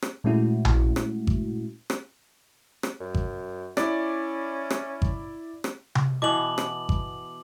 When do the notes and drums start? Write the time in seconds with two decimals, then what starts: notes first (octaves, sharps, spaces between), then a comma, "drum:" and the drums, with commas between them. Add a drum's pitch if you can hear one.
0.02 drum: rim click
0.24 A#2 G#3 A3 C#4 E4 F#4
0.65 drum: tom A#1
0.96 drum: rim click
1.27 drum: kick G#1
1.90 drum: rim click
2.83 drum: rim click
3.00 F#2
3.14 drum: kick G#1
3.77 C#4 E4 D5, drum: rim click
4.70 drum: rim click
5.02 drum: kick G#1
5.64 drum: rim click
5.95 drum: tom C3
6.22 B2 E3 B3 D6 F#7
6.58 drum: rim click
6.89 drum: kick G#1